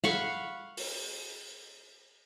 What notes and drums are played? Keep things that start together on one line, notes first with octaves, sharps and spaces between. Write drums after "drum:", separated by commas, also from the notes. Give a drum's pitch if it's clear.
F5 F#5 B5 C#6, drum: snare
drum: open hi-hat